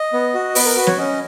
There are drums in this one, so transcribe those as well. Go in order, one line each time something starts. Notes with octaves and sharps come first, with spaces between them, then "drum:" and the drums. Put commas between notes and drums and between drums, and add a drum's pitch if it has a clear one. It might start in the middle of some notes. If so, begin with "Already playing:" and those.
Already playing: D#5
B3
F#4
B3 B4, drum: open hi-hat
A#4
F#4 B4
C#5, drum: snare
C#4 D#5